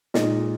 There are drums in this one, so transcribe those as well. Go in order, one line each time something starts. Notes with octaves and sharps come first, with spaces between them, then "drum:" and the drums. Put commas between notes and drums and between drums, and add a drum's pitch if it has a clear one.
A#2 G#3 D#4 D#5, drum: snare